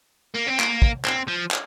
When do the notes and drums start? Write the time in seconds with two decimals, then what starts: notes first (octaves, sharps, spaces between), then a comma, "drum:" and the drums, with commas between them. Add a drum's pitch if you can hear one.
0.35 A#3
0.48 C4
0.60 A#3, drum: clap
0.82 drum: kick
1.05 C4, drum: clap
1.28 F3
1.51 drum: clap